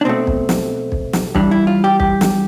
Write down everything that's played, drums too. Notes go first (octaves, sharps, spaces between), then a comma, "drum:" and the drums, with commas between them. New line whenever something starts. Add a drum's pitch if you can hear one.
D4
B2 A3 C4
drum: kick B1
drum: snare
drum: kick B1
drum: snare
G2 E3 G3 D4, drum: kick B1
E4
F4
G4
G4, drum: kick B1
drum: snare